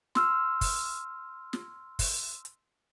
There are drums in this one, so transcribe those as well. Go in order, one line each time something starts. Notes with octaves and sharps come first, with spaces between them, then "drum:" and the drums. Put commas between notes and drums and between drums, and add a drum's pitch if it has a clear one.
C6 E6 F6, drum: snare
drum: kick, open hi-hat
drum: snare
drum: kick, open hi-hat
drum: hi-hat